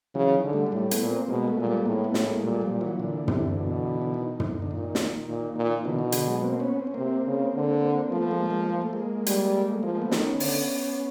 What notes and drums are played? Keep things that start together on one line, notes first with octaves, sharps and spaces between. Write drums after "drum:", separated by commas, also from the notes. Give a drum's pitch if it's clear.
C#3 E3 F#3
D#3
D3
G3 A3
G#3
A2 G3 A3
A3 B3, drum: hi-hat
A#2
A#3 C4
B2 G#3 A#3
A3 B3
A#2 G#3
G3 A3
B3
A2 G#3 A#3
A3 B3
A2, drum: snare
G#3 A#3
A#2 G3 A3
G#3
F3 G3
A#2
E3 F#3
A#2 D3 E3
C3, drum: tom
B2
D3
D#3
drum: tom
D3
A#2 D#3
drum: snare
A#2
A#2
B2 D3 E3
D#3
D3, drum: hi-hat
F#3 G#3
A#3 C4
B3 C#4
C4
C#4
C3 A#3 C4
C#3
D3
F3 A3 B3
B3
G#3 A#3
A3
G#3 A#3
A#3
A3
G#3 A#3
G3, drum: hi-hat
A3
F3 G#3 A#3
A3 B3
D#3 D4, drum: snare
B3 C#4
D3, drum: open hi-hat